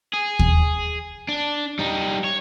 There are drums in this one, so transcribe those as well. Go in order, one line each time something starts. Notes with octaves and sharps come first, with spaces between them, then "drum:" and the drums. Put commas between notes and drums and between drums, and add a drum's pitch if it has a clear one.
G#4
drum: kick D#2
D4
G3 D#4
C#5